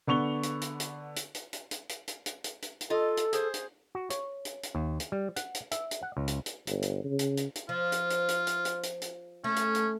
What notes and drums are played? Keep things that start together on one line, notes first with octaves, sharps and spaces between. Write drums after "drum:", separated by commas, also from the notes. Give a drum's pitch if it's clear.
D3 B3 C#6 F7 G7
drum: hi-hat
drum: hi-hat
drum: hi-hat
drum: hi-hat
drum: hi-hat
drum: hi-hat
drum: hi-hat
drum: hi-hat
drum: hi-hat
drum: hi-hat
drum: hi-hat
drum: hi-hat
drum: hi-hat
F4 A4 D#5
drum: hi-hat
G#4 C5, drum: hi-hat
drum: hi-hat
F#4
C#5, drum: hi-hat
drum: hi-hat
drum: hi-hat
D#2
drum: hi-hat
G3
F#5, drum: hi-hat
drum: hi-hat
E5, drum: hi-hat
drum: hi-hat
F#5
C#2
drum: hi-hat
drum: hi-hat
G1, drum: hi-hat
drum: hi-hat
C#3
drum: hi-hat
drum: hi-hat
drum: hi-hat
F3 F4
drum: hi-hat
drum: hi-hat
drum: hi-hat
drum: hi-hat
drum: hi-hat
drum: hi-hat
drum: hi-hat
A3 C#4
drum: hi-hat
drum: hi-hat